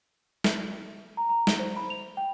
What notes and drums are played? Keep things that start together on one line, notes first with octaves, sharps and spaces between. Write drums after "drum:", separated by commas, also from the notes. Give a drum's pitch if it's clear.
drum: snare
A#5
A#5
G7, drum: snare
C5
B5
F7
G5